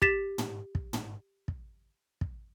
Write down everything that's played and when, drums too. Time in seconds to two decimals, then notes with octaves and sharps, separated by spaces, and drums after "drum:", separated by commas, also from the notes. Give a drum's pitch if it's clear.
0.02 G4 A6 B6 E7, drum: kick
0.38 drum: tom
0.75 drum: kick
0.93 drum: tom
1.48 drum: kick
2.21 drum: kick